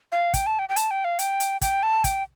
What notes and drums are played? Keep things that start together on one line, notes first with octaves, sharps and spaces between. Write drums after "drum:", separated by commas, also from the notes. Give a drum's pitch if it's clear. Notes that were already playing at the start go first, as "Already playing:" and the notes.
F5
G5, drum: kick, hi-hat
A5
G5
G5
A5, drum: hi-hat
G5
F5
G5, drum: hi-hat
drum: hi-hat
G5, drum: kick, hi-hat
A5
G5, drum: kick, hi-hat